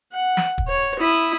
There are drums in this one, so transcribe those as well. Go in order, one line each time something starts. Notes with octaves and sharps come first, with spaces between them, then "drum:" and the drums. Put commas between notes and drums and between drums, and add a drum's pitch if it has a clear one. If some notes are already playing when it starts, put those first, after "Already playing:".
F#5
drum: snare
drum: kick
C#5
E4 D#6